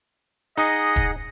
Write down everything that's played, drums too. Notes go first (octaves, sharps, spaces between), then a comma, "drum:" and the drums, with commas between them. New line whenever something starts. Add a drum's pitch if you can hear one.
D#4 G#4 D#5 F#5
drum: kick, hi-hat